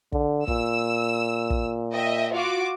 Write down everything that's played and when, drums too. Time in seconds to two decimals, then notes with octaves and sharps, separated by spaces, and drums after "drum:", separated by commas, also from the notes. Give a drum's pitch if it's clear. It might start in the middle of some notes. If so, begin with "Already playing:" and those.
0.12 D3, drum: kick
0.48 A#2 E6, drum: kick
1.50 drum: kick
1.94 D#5 E5 G5
2.35 F4 F#4 D6